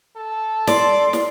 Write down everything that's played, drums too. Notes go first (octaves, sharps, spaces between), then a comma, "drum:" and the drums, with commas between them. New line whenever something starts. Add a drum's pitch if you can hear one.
A4
D5 C6, drum: snare
drum: snare